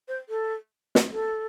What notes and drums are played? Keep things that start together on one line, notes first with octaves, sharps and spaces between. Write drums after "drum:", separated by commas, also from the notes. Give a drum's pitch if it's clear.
C5
A4
drum: snare
A4